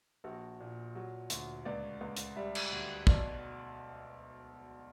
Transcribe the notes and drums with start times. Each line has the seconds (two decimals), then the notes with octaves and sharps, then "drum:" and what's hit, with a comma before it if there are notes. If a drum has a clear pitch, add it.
0.24 A#1 F#4
0.60 A#2
0.95 F#3
1.30 D2, drum: hi-hat
1.65 C#2 D5
2.01 C#2
2.17 drum: hi-hat
2.36 G3 E5
2.55 drum: cymbal
2.72 D2
3.07 B1 D5, drum: kick